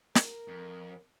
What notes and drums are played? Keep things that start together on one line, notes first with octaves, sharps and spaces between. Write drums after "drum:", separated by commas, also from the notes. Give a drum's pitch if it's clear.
A#4, drum: snare
F2